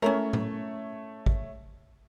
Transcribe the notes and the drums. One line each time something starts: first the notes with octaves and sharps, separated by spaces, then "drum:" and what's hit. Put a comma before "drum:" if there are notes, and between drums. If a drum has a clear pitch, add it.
A3 C#4 E4 A#4 C#5
drum: tom A2
drum: kick